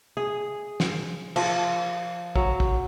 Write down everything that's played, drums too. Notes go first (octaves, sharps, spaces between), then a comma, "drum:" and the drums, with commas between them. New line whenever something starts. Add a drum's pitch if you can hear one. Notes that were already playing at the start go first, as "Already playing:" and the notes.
G#4
drum: snare
F3, drum: cymbal
F#3, drum: kick
drum: kick